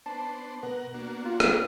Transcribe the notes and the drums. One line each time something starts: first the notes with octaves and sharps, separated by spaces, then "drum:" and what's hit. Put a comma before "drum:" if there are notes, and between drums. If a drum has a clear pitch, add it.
B3 D4 C5 A5
B2 B3 A#4 F#5
A#3 D4 F#4
F4
drum: rim click